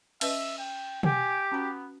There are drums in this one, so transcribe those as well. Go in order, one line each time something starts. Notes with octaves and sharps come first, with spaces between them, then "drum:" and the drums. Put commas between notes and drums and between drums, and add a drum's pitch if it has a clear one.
C#4 B4 D#5 E5, drum: cymbal
G5
G4 F#5 G#5, drum: tom
B3 C#4 F#4 A#5